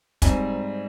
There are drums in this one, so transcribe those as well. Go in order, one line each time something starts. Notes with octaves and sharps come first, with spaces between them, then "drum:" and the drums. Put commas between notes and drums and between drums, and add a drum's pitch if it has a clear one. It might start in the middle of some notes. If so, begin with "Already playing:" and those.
G#2 G3 C4 D#4 G#5, drum: kick, hi-hat